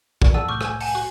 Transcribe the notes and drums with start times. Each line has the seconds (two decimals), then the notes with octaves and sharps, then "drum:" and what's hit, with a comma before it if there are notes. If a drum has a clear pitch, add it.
0.22 A#2 E3 C#6, drum: kick
0.34 E2 F#5 A5 E6 A6 D#7
0.49 C2 A2 C#6 D6 F6 G6
0.61 G#4 F#5 G#5, drum: rim click
0.81 F#5 G#5 A5, drum: open hi-hat
0.95 F#4